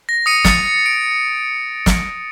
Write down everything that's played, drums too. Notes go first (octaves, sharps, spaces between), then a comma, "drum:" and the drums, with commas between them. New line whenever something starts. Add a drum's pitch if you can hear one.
A#6
D#6 C#7 D#7
A6 C#7, drum: snare
D7
drum: snare